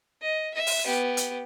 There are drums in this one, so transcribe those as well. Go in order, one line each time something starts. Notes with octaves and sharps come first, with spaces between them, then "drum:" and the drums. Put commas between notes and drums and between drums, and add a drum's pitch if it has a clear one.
D#5
E5
drum: open hi-hat
B3 G4
drum: hi-hat